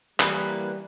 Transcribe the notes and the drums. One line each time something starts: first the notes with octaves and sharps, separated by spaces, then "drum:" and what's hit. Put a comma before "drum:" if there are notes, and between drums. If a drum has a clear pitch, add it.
E3 G3 A#3 B4, drum: clap